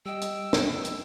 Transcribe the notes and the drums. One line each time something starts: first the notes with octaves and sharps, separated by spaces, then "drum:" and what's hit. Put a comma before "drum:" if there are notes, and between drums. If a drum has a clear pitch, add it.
G3 D#5 G5 E6
drum: hi-hat
drum: snare
drum: hi-hat